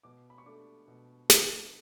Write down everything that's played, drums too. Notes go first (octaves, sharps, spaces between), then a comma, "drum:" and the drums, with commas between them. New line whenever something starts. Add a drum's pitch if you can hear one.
B2 D6
B5
C#6
A3 D4 D6
B2
A3 D4, drum: snare